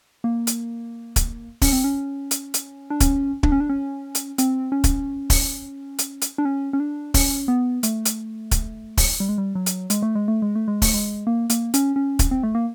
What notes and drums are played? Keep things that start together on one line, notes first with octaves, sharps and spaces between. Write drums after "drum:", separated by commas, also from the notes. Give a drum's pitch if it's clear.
A#3
drum: hi-hat
drum: kick, hi-hat
C#4, drum: kick, open hi-hat
C4
C#4
drum: hi-hat
drum: hi-hat
D4
C#4, drum: kick, hi-hat
D4, drum: kick
C#4
D4
C#4
drum: hi-hat
C4, drum: hi-hat
C#4
drum: kick, hi-hat
drum: kick, open hi-hat
drum: hi-hat
drum: hi-hat
D4
C#4
C#4
D4
C#4, drum: kick, open hi-hat
B3
A3, drum: hi-hat
drum: hi-hat
drum: kick, hi-hat
drum: kick, open hi-hat
G3
G#3
G3
F#3
drum: hi-hat
G#3, drum: hi-hat
A3
G#3
A3
G#3
A3
G#3
A3, drum: kick, open hi-hat
G#3
A#3
A#3, drum: hi-hat
C#4, drum: hi-hat
C#4
drum: kick, hi-hat
C4
A3
A#3